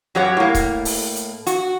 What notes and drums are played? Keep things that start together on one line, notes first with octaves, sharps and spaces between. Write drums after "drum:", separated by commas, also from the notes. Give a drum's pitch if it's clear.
F#2 F#3 G4 C#5 F#5
A2 A#3
drum: kick C#1, hi-hat
drum: open hi-hat
drum: hi-hat
F#4, drum: hi-hat